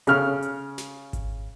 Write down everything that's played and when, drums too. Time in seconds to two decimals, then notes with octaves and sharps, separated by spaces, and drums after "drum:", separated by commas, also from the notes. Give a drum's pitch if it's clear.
0.07 C#3 F6, drum: hi-hat
0.42 drum: hi-hat
0.78 drum: snare
1.13 drum: kick G#1, hi-hat